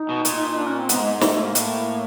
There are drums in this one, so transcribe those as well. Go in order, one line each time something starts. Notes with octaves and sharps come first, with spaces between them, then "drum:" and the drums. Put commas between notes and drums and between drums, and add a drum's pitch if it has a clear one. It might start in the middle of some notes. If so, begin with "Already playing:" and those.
Already playing: D#4
B2
A#2, drum: hi-hat
D4
C#4
C4
G#2 B3, drum: hi-hat
G#3
G#3
A3, drum: snare
A3
A#3
A2, drum: hi-hat